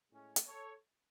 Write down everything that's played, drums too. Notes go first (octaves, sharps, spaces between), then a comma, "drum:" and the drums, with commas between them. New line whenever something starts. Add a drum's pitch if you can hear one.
A2 G#3 C#4
drum: hi-hat
A4 C#5